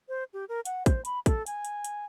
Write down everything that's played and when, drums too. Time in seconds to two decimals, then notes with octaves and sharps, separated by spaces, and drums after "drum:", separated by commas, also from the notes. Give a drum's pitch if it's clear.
0.09 C5
0.33 G4
0.49 A#4
0.65 F#5, drum: hi-hat
0.86 C5, drum: kick, hi-hat
1.05 B5, drum: hi-hat
1.26 A4, drum: kick, hi-hat
1.47 G#5, drum: hi-hat
1.65 drum: hi-hat
1.84 drum: hi-hat